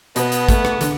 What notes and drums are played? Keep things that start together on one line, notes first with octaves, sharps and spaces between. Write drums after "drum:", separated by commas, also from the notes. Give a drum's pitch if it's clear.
B2 B3, drum: hi-hat
drum: hi-hat
A3, drum: kick, hi-hat
drum: rim click
D3, drum: hi-hat